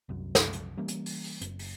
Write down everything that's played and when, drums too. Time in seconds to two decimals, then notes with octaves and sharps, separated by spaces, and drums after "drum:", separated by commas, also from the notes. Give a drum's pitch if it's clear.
0.09 C2 F#2
0.35 drum: snare
0.53 drum: hi-hat
0.77 E3 G3 A#3 C#4
0.88 drum: hi-hat
1.06 drum: open hi-hat
1.24 drum: open hi-hat
1.41 F#1, drum: hi-hat
1.59 drum: open hi-hat